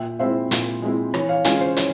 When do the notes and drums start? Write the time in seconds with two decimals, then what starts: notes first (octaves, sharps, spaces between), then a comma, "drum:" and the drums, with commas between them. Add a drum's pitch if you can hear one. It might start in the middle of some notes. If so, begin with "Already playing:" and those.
Already playing: A#2 E5 G5
0.19 G#3 C4 E4 C5 E5
0.51 A#2, drum: hi-hat
0.82 G#3 C4 E4
1.14 E3 C#5, drum: rim click
1.29 C#5 F5
1.45 G#3 C#4 F4 F5 G#5, drum: hi-hat
1.61 C5
1.77 E3 C#5, drum: hi-hat